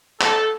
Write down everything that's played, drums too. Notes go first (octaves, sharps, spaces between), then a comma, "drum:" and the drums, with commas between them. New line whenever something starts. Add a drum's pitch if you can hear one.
A4, drum: clap